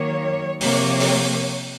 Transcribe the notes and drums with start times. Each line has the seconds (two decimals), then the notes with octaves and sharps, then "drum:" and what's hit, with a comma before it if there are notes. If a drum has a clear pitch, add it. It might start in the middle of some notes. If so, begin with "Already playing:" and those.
Already playing: D#3 F#3 A#3 C#5
0.61 C3 F3 A#3 C#5, drum: open hi-hat
1.00 drum: open hi-hat